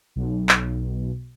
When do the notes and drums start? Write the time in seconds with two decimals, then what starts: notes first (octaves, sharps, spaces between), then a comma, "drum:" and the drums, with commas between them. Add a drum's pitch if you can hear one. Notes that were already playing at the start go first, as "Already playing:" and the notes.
0.16 B1
0.49 drum: clap